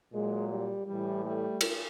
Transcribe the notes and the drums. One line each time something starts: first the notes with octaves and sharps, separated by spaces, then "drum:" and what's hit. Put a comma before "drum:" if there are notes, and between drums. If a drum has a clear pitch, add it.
A#2 F#3 G#3
G3
A2 E3 G3
G3 A3
drum: cymbal